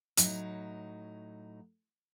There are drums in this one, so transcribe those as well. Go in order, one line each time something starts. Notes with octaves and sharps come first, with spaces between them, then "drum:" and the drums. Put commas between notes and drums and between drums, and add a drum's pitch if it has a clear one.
A2 F#3 D#4, drum: hi-hat